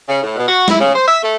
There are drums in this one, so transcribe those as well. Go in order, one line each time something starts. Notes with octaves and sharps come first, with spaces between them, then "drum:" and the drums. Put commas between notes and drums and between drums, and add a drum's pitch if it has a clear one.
C#3
A2
B2
F#4
E4, drum: snare
C#3
C5
E5
A3